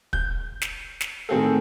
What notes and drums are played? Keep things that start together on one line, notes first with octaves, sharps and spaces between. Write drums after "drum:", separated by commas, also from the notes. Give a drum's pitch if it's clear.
G6, drum: kick
drum: snare
drum: snare
A2 D#3 C4 G#4 A4